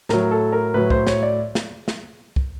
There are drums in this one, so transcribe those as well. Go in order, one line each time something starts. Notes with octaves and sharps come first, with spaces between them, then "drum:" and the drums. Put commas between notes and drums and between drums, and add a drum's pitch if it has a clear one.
A2 F#3 A#4, drum: snare
A4
A#4
A2 F#3 B4
C5, drum: kick C2
C#5, drum: snare
D5
drum: snare
drum: snare
drum: kick C2